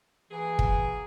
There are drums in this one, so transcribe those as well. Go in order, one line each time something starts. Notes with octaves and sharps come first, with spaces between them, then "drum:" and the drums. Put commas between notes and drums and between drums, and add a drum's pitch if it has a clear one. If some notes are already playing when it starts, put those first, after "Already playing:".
E3 A#3 F#4 G#4
drum: kick